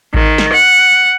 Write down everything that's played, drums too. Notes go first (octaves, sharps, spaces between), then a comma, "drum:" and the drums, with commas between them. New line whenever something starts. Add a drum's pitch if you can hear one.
D#3, drum: kick A1
drum: snare
F#5